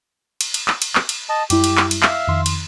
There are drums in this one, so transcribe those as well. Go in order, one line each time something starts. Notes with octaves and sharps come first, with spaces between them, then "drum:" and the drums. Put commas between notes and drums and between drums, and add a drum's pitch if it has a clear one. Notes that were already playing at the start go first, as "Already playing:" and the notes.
drum: cymbal
drum: cymbal
drum: clap
drum: cymbal
drum: clap
drum: cymbal
D#5 A5
F#2 G3 E4 G4, drum: cymbal
drum: cymbal
drum: clap
drum: cymbal
E5 F5, drum: clap
F2 D#3 C6
drum: cymbal